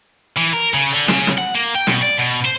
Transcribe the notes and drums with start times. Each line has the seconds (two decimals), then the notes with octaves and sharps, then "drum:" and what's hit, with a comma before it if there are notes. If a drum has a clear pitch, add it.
0.37 E3
0.53 A#4
0.74 C#3
0.92 D3
1.08 C#3, drum: snare
1.27 drum: snare
1.38 F#5
1.55 A#3
1.75 G5
1.87 B2, drum: snare
2.02 D5
2.18 B2
2.45 C5